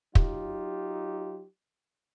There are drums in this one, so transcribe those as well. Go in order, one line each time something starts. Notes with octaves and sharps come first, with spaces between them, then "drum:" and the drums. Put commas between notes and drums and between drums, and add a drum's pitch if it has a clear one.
F#3 D#4 F4 G4, drum: kick